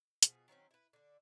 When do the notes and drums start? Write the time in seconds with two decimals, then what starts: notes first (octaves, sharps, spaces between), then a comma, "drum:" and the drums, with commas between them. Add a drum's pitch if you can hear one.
0.23 B2 F3 G#4, drum: hi-hat
0.48 D#3 F#3 C4 C#4
0.71 E4 B4
0.93 D3 D4